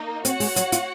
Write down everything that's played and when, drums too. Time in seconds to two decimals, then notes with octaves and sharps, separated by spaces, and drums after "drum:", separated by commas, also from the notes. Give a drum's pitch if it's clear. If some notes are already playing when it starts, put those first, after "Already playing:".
Already playing: A#3 D#4
0.25 C4 F#4 C#5 F#5, drum: hi-hat
0.40 G#3, drum: open hi-hat
0.56 F#3, drum: hi-hat
0.72 F4, drum: hi-hat